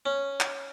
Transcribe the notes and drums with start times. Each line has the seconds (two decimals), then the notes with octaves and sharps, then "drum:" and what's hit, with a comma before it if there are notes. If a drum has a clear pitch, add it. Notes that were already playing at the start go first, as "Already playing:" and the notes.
0.06 C#4
0.40 drum: clap